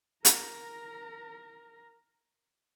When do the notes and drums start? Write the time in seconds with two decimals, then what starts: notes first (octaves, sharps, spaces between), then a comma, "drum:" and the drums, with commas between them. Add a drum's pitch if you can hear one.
0.25 A#4 A#5, drum: hi-hat